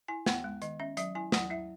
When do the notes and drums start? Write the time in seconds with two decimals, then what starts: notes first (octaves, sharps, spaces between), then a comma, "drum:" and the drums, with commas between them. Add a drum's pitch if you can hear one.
0.08 E4 G#5
0.26 B3 F#5, drum: snare
0.44 G#3
0.62 D#3 D#5, drum: hi-hat
0.80 C#4 E5
0.97 F#3 E5, drum: hi-hat
1.15 E4 G#5
1.32 F#3 F#5, drum: snare
1.50 E4 E5